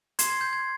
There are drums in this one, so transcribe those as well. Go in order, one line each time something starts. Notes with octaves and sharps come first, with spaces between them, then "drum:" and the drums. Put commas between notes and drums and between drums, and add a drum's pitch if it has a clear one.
C6 G#6 C7, drum: hi-hat
G#6
G6
G#6